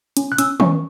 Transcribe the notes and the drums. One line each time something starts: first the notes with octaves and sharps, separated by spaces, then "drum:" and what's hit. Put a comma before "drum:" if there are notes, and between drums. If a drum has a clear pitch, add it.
C#4, drum: hi-hat
F#6
C#4 E6, drum: hi-hat
C#4 C#6, drum: tom